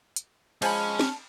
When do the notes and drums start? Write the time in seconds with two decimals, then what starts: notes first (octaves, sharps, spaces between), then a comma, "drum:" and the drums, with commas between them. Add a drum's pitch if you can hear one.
0.16 drum: hi-hat
0.62 F3 G#3 C#4 C#5 G#5 A5 B5, drum: cymbal
0.99 drum: snare